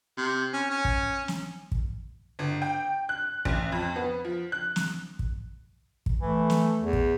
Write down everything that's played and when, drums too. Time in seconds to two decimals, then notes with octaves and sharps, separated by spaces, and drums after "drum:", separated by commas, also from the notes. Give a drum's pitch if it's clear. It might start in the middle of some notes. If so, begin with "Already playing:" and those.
0.17 C3
0.53 C#4
0.70 C#4
0.85 drum: kick
1.28 drum: snare
1.72 drum: kick
2.39 G1
2.62 G5
3.09 F#6
3.45 A1, drum: kick
3.72 F2
3.96 B3
4.25 F3
4.52 F#6
4.76 drum: snare
5.19 drum: kick
6.06 drum: kick
6.21 E3 A3
6.50 drum: snare
6.80 E2
6.93 drum: kick